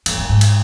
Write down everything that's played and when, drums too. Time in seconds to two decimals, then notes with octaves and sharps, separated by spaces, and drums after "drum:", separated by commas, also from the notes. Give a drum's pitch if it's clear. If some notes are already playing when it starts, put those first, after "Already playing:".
0.06 F2, drum: cymbal
0.18 F#2
0.29 G#2
0.41 drum: cymbal